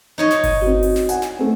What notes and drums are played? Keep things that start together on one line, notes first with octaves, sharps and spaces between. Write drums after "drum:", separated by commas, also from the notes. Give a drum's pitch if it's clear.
D#4 C#5 D#5
drum: snare
drum: kick G1, open hi-hat
C4 F#4
drum: open hi-hat
drum: snare
F#5 G#5, drum: hi-hat
drum: snare
A3 C4